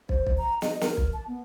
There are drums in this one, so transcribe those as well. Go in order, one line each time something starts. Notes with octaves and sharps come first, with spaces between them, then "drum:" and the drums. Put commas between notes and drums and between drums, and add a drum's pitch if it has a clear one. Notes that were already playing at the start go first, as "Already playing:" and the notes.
C5, drum: kick
drum: kick
A#5
D#5, drum: snare
A#4, drum: snare
drum: kick
A5
B3